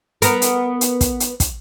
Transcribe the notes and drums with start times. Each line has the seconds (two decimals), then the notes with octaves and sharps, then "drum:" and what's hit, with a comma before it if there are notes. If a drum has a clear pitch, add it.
0.22 B3 A#4, drum: hi-hat
0.42 drum: hi-hat
0.81 drum: hi-hat
1.01 drum: kick, hi-hat
1.20 drum: hi-hat
1.40 drum: kick, hi-hat